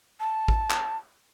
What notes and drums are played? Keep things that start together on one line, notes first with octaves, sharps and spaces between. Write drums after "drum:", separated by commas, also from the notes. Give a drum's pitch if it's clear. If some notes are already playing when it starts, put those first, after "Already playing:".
A5
drum: kick A1
drum: clap